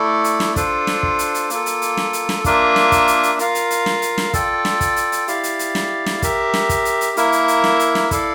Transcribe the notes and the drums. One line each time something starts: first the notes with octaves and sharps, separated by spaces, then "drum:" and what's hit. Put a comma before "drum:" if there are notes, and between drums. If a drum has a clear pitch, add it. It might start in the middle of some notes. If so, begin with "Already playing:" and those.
Already playing: A3 E4 A4 D5
drum: hi-hat
drum: snare
D4 F4 A4 C5, drum: kick, hi-hat
drum: snare
drum: kick
drum: hi-hat
drum: hi-hat
A#3 F4 A4, drum: hi-hat
drum: hi-hat
drum: hi-hat
drum: snare
drum: hi-hat
drum: snare
A#3 D4 F4 A#4 E5, drum: kick, hi-hat
drum: snare
drum: kick, hi-hat
drum: hi-hat
drum: hi-hat
F4 A#4 F5, drum: hi-hat
drum: hi-hat
drum: hi-hat
drum: snare
drum: hi-hat
drum: snare
F4 A4 D5 G5, drum: kick, hi-hat
drum: snare
drum: kick, hi-hat
drum: hi-hat
drum: hi-hat
E4 G4 D5 F5, drum: hi-hat
drum: hi-hat
drum: hi-hat
drum: snare
drum: snare
G4 A#4 E5, drum: kick, hi-hat
drum: snare
drum: kick, hi-hat
drum: hi-hat
drum: hi-hat
A#3 E4 A#4 E5, drum: hi-hat
drum: hi-hat
drum: hi-hat
drum: snare
drum: hi-hat
drum: snare
E4 A4 D5 F5, drum: kick, hi-hat